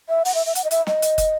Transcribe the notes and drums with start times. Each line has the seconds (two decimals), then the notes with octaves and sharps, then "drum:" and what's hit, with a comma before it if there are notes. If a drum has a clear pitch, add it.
0.09 E5
0.25 F#5, drum: open hi-hat
0.35 E5
0.46 E5
0.55 F#5, drum: hi-hat
0.64 D#5
0.71 E5, drum: hi-hat
0.87 D#5, drum: snare
1.02 drum: hi-hat
1.18 drum: kick, hi-hat